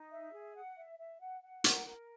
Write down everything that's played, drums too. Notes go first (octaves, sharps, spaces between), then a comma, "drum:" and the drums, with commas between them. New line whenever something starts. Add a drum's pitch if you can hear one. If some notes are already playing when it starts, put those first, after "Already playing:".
Already playing: D#4
E5
G#4
F#5
E5
E5
F#5
F#5
A#4, drum: hi-hat
A#4